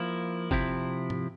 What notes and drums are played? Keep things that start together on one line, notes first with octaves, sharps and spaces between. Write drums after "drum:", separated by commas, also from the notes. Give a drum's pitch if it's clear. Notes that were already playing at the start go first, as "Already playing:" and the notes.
Already playing: F3 A#3 E4
C3 F3 C4 E4, drum: kick
drum: tom